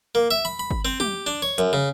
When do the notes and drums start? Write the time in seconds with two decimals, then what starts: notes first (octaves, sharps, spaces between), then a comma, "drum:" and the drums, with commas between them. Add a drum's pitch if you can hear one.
0.15 A#3
0.31 E5
0.45 B5
0.59 B5
0.71 drum: kick G1
0.85 C4
1.00 G4, drum: tom
1.26 D4
1.42 C#5
1.58 F#2, drum: hi-hat
1.73 C#3